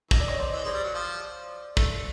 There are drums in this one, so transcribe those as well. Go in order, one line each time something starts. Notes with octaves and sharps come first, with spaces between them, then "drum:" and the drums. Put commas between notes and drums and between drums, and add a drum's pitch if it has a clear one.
E3 D#5, drum: kick
D5
C#5 D#5
C5 D5
E3
G#3 C5 D5
G3
F#3
F3
A3, drum: kick